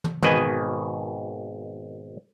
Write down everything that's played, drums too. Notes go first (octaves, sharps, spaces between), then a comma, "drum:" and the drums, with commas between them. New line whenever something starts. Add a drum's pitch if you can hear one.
drum: tom
G#1 B2 D#3 B4 D#5 G#5, drum: tom